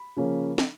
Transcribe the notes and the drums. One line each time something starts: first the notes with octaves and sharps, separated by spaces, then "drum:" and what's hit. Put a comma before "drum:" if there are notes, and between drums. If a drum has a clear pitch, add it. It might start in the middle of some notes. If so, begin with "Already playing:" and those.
Already playing: B5
C#3 F3 A#3 C#4
drum: snare